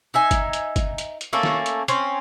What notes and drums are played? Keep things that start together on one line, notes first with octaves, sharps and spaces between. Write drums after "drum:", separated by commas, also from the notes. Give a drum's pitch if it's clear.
D#4 E5 G#5
drum: kick G1, hi-hat
drum: hi-hat
drum: kick G1, hi-hat
drum: hi-hat
drum: hi-hat
A3 A#3 C#4 A4
drum: snare
drum: hi-hat
C4 C#4, drum: hi-hat